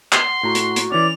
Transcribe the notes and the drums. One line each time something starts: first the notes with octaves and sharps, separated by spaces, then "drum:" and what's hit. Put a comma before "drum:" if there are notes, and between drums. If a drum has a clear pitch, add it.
C6, drum: clap
F#5
A2 F#4 A#5
drum: hi-hat
drum: hi-hat
E3 C#4 D5 F7